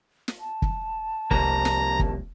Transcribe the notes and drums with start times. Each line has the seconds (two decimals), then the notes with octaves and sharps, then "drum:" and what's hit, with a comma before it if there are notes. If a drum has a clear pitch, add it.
0.28 drum: snare
0.40 A5
0.62 drum: kick
1.31 C2 F2 G3 A#3 A#5, drum: kick
1.65 drum: snare
1.99 drum: kick